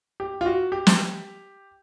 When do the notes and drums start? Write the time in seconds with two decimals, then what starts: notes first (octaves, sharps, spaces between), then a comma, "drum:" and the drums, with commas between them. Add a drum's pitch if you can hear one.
0.20 G4
0.41 F4
0.46 F#4
0.72 G4
0.87 drum: snare